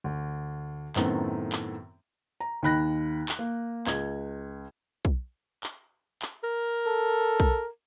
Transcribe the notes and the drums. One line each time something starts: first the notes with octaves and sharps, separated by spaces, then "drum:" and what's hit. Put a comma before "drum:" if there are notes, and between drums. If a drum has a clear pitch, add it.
D2
F#2 A2 D#3 A3 B3 C4, drum: clap
drum: clap
A#5
D#2 D#3 B5 F#6 A#6
drum: clap
A#3
C#2 G#6, drum: clap
drum: kick B1
drum: clap
drum: clap
A#4
A4
drum: kick B1